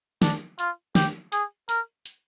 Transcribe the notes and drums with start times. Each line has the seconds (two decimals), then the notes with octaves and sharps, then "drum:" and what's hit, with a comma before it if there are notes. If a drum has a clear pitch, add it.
0.22 D4, drum: snare
0.59 F4, drum: hi-hat
0.95 G4, drum: snare
1.32 G#4, drum: hi-hat
1.69 A#4, drum: hi-hat
2.06 drum: hi-hat